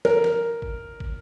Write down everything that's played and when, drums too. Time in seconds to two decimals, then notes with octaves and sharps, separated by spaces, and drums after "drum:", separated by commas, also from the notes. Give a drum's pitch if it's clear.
0.05 A#4, drum: snare
0.24 drum: snare
0.62 drum: kick
1.00 drum: kick